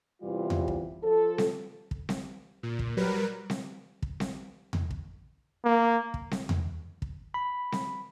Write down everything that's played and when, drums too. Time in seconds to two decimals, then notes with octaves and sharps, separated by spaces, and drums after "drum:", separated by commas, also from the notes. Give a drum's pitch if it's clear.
0.22 E2 C3 E3 G3 F4
0.50 drum: tom E2
0.68 drum: kick
1.03 F3 A4
1.38 drum: snare C4
1.91 drum: kick
2.09 drum: snare C4
2.63 A#2
2.79 drum: kick
2.97 F#3 G3 A#4 B4
3.50 drum: snare C4
4.02 drum: kick
4.20 drum: snare C4
4.73 drum: tom E2
4.91 drum: kick
5.65 A#3
6.14 drum: kick
6.31 drum: snare C4
6.49 drum: tom E2
7.02 drum: kick
7.34 B5
7.72 drum: snare C4